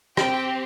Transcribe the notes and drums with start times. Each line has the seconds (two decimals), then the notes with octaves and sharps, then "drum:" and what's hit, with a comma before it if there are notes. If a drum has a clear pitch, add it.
0.17 C4 G4 G5, drum: rim click